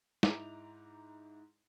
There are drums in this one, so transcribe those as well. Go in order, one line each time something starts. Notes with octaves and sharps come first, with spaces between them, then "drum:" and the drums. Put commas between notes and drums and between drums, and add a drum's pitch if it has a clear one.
G#2 D#4 E4 A#5 D6 F7, drum: snare